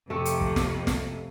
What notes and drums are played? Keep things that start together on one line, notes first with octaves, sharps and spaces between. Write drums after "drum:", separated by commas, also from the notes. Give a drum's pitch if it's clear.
F2 C3 A3 C4
drum: hi-hat
drum: kick
drum: snare
drum: snare